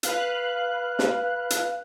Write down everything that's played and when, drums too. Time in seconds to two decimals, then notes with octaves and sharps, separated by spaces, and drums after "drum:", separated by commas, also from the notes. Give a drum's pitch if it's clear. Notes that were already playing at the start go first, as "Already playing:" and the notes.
0.03 B4 F5 F#6, drum: hi-hat
0.99 drum: snare
1.50 drum: hi-hat